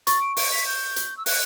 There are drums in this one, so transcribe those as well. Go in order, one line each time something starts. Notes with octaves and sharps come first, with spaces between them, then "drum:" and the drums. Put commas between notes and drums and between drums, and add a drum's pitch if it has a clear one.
C#6 A6, drum: hi-hat
D7
D7, drum: open hi-hat
B6
G6
drum: hi-hat
E6
F#6, drum: open hi-hat